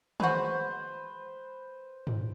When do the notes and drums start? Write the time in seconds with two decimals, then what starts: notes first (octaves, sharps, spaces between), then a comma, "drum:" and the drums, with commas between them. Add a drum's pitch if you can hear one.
0.20 G#3 F#4 B4 C5, drum: tom
2.07 drum: tom